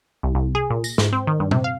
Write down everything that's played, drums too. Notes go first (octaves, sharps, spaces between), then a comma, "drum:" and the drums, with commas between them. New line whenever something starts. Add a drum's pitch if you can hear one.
C2
C2
G#4
A#2
A#6, drum: tambourine
G#2, drum: snare
C4
D#3
G2
C3, drum: tom A#2
F5